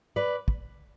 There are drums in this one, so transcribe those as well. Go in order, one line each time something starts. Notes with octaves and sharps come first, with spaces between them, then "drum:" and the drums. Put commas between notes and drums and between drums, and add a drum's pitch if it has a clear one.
B4 D5
drum: kick